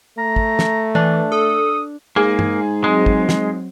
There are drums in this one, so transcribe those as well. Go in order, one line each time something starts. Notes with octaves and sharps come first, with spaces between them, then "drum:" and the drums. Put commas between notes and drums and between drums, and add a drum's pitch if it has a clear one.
A3 A#5
drum: kick
drum: snare
E3 D4
A4 D#6
G#2 A#3 G#4
drum: tom G2
F#3 G#3 C4
drum: kick
drum: snare